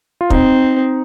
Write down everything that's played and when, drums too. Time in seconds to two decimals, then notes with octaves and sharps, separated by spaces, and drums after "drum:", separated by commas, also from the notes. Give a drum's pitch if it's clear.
0.21 F4
0.30 C4 D#4, drum: kick